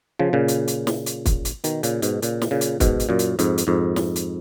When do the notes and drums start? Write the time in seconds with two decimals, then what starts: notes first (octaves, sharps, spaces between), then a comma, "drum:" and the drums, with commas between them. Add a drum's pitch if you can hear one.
0.19 C#3 F3
0.33 A#2 C#3
0.48 drum: hi-hat
0.68 drum: hi-hat
0.87 drum: snare
1.06 drum: hi-hat
1.26 drum: kick, hi-hat
1.45 drum: hi-hat
1.64 B2 D#3, drum: hi-hat
1.83 A#2 C#3, drum: hi-hat
2.02 G#2 B2, drum: hi-hat
2.22 A#2 C#3, drum: hi-hat
2.42 drum: snare
2.51 A#2 C#3
2.61 drum: hi-hat
2.80 G#2 B2, drum: kick, hi-hat
3.00 drum: hi-hat
3.09 F#2 A#2
3.19 drum: hi-hat
3.39 F2 G#2, drum: hi-hat
3.58 drum: hi-hat
3.67 F2 G#2
3.96 drum: snare
4.16 drum: hi-hat